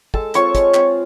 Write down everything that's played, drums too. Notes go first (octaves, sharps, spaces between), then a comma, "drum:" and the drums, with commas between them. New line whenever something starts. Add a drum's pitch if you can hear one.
G#3 A4 A5, drum: kick
C4 F4 C#5 C#6, drum: hi-hat
G#3, drum: kick, hi-hat
C4 F4, drum: clap